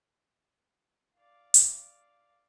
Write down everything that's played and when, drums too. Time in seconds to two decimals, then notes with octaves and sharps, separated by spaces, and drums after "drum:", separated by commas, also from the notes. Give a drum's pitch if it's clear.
1.16 D5 F5
1.54 drum: hi-hat